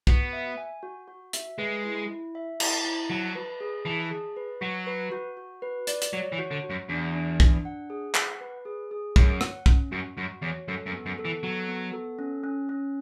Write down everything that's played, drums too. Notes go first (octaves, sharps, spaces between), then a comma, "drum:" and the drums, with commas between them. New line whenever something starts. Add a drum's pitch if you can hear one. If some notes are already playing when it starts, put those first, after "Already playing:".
B3 F#4, drum: kick
E5
G#5
F#4
F#4
E5, drum: hi-hat
G#3 B4
E4
E4
E5
E4, drum: cymbal
E4
F#3 A5
B4
G#4
E3 A5
G#4
B4
F#3 F#4
B4
F#4
F#4
B4
D5, drum: hi-hat
drum: hi-hat
F#3 C#5
E3
F#4
D3
F#4
F#2
E2 D4
D4
D4, drum: kick
F#5
G#4
F#5, drum: clap
B4
G#4
G#4
F#2 C#5, drum: kick
F#5, drum: rim click
C#4, drum: kick
F#2 F#4
F#2 F#4
E2 C#5
F#2 A4
F#2
B3
F#2
A4
E3
F#3 B3
B3
A4
C#4
C#4
C#4